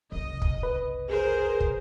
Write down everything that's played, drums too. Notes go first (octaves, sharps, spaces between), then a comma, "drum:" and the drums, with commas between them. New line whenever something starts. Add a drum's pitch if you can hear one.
F#1 C2 D#5
drum: kick
B4
G#4 A#4 C5
drum: kick